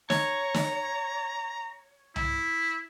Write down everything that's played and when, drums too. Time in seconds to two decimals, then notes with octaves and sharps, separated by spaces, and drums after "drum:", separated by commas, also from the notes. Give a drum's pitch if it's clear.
0.10 C#5 A#5, drum: snare
0.54 drum: snare
2.16 E4, drum: tom C2